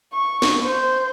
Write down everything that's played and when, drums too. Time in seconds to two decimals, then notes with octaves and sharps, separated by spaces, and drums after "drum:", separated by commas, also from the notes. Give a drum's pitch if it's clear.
0.13 C#6
0.42 drum: snare
0.64 C5